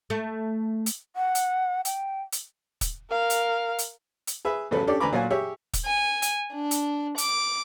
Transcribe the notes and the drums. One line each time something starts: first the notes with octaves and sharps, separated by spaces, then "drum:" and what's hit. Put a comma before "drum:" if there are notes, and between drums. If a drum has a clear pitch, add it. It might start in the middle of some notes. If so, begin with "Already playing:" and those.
A3
drum: hi-hat
F#5
drum: hi-hat
G5, drum: hi-hat
drum: hi-hat
drum: kick, hi-hat
A#4 F5
drum: hi-hat
drum: hi-hat
drum: hi-hat
G#4 B4 E5
A1 F#2 C#3 F#3 A4 B4
C#4 D4 G4 A4 D5
D2 B4 G#5 A#5 B5 D6
A#2 F#3 F4 F#4 G#5
G4 G#4 C#5 E5
drum: kick, hi-hat
G#5
drum: hi-hat
D4
drum: hi-hat
D6, drum: hi-hat